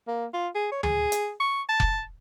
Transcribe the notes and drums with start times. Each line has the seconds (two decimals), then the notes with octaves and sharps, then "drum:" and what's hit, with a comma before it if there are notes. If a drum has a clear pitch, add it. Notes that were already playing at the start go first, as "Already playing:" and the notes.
0.07 A#3
0.33 F4
0.55 G#4
0.72 C#5
0.83 G#4, drum: tom D2
1.12 drum: hi-hat
1.40 C#6
1.69 A5
1.80 drum: kick F1